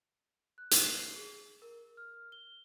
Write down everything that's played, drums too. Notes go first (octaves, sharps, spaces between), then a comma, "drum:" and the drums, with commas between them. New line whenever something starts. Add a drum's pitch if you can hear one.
F#6
drum: hi-hat
C7
G#4
A#4
F6
G7